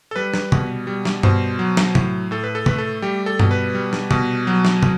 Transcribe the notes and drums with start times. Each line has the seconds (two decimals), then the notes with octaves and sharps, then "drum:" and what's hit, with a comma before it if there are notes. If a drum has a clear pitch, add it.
0.11 A4
0.16 G3 B4
0.34 drum: snare
0.52 B2, drum: tom
0.87 G3
1.05 drum: snare
1.23 B2 C5, drum: tom G2
1.59 F#3
1.77 drum: snare
1.95 A2, drum: tom
2.31 A2 A4
2.44 B4
2.55 A4
2.66 A3 B4, drum: tom
2.78 A4
3.02 G3 G4
3.26 A4
3.39 B2, drum: tom G2
3.51 B4
3.75 G3
3.93 drum: snare
4.11 B2, drum: tom
4.47 F#3
4.65 drum: snare
4.83 drum: tom